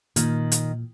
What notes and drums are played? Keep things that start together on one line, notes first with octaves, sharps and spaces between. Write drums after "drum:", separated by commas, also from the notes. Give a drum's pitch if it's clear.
A#2 D#3, drum: hi-hat
drum: hi-hat